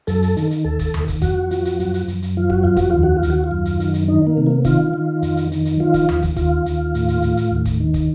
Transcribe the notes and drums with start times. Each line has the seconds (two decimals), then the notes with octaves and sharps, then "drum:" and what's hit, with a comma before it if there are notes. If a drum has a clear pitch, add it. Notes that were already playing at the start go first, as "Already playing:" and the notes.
0.07 F#2 A4, drum: hi-hat
0.22 drum: hi-hat
0.37 D#3, drum: hi-hat
0.51 drum: hi-hat
0.64 D#2 A4
0.79 drum: kick, hi-hat
0.94 D#2, drum: tom D#2
1.08 drum: kick, hi-hat
1.22 F2 F#4, drum: kick, hi-hat
1.51 F3, drum: hi-hat
1.65 drum: hi-hat
1.79 F#2, drum: hi-hat
1.94 drum: hi-hat
2.08 F#2, drum: hi-hat
2.22 drum: hi-hat
2.37 F3 F4
2.50 F#4, drum: kick
2.63 F2 F4
2.77 F#4, drum: kick, hi-hat
2.91 D#2 F4
3.03 F#4
3.16 F4
3.23 D#2, drum: hi-hat
3.30 F#4
3.44 F4
3.51 F#2
3.65 drum: hi-hat
3.80 D#3, drum: hi-hat
3.94 drum: hi-hat
4.08 D#3 D#4
4.27 A#3
4.37 C3
4.47 A#3
4.65 D#3 F4, drum: kick, hi-hat
4.94 D#3
5.22 F2, drum: hi-hat
5.37 drum: hi-hat
5.52 D#3, drum: hi-hat
5.65 drum: hi-hat
5.80 F3 F4
5.94 drum: kick, hi-hat
6.09 D#2, drum: tom D#2
6.23 drum: kick, hi-hat
6.36 D#2 F4, drum: kick, hi-hat
6.66 D#2, drum: hi-hat
6.95 A2, drum: hi-hat
7.08 drum: hi-hat
7.22 A2, drum: hi-hat
7.37 drum: hi-hat
7.51 D#2
7.65 drum: kick, hi-hat
7.80 D#3
7.94 drum: kick, hi-hat